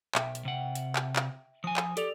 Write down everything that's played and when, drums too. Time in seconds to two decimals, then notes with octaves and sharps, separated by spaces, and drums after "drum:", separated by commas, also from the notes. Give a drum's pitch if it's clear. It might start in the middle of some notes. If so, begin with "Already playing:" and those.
0.15 B1 E5 G5, drum: clap
0.35 drum: hi-hat
0.45 C3 F#5
0.75 drum: hi-hat
0.96 drum: clap
1.16 drum: clap
1.64 F3 G#5 D#6
1.77 drum: clap
1.97 G4 A4 D5 F7, drum: hi-hat